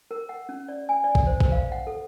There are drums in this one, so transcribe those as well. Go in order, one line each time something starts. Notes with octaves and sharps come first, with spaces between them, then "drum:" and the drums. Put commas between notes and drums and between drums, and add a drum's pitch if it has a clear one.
A#4
F#5
C#4
D5
G#5
D5
drum: kick
C5
drum: kick
F5
F#5
A4